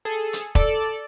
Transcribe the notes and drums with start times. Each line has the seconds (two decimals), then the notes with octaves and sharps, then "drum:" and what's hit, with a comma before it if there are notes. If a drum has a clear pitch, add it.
0.05 G#4 A4
0.33 drum: hi-hat
0.55 A4 D5, drum: kick E1